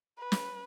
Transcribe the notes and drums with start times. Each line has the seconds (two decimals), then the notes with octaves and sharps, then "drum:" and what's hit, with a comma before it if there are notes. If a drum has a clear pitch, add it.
0.19 B4
0.32 drum: snare